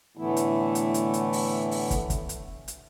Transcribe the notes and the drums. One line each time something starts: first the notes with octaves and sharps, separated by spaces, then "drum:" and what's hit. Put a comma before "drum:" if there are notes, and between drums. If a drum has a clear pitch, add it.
A2 D3 E3 A3 B3 E4
drum: hi-hat
drum: hi-hat
drum: hi-hat
drum: hi-hat
drum: open hi-hat
drum: open hi-hat
drum: kick, hi-hat
drum: kick, hi-hat
drum: hi-hat
drum: hi-hat